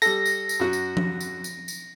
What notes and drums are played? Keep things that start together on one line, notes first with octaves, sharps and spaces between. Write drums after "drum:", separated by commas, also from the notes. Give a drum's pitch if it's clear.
G3 A4 A#6, drum: tambourine
drum: tambourine
drum: tambourine
F#2 F#4
drum: tambourine
drum: tom F3
drum: tambourine
drum: tambourine
drum: tambourine